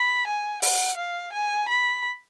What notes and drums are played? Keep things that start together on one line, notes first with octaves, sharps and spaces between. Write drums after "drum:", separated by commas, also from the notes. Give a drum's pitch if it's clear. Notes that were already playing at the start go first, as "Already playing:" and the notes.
Already playing: B5
G#5
F#5, drum: open hi-hat
F5
G#5
B5